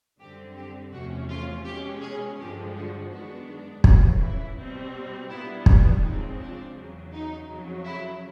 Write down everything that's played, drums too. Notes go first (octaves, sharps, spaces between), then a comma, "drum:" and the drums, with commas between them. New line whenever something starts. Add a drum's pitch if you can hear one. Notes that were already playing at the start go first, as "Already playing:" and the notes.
F#2 D3 G3 C4 G4
G4
E2 C3 F3 A3 C#4 F#4
F4
B2 G#3 C#4 G4
G#4
G2 D3 F3 G#3 G4
F#4
F#2 D#3 G#3 B3 D4 F#4
F2 C#3 E3 F#4, drum: kick
E4
B2 G3 C4
A#2 G3 B3 D4 E4
drum: kick
C#3 F3 G#3 C4 D#4
D4
E2 C#3 F#3
D#4
F2 C#3 F#3
E4